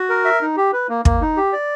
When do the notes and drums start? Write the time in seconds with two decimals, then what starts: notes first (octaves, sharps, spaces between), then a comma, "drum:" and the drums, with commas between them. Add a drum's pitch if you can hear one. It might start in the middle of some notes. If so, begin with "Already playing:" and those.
Already playing: F#4
0.10 A#4
0.25 E5
0.41 D#4
0.57 G4
0.73 B4
0.89 A#3
1.05 A#3, drum: kick
1.21 D#4
1.37 G4
1.53 D5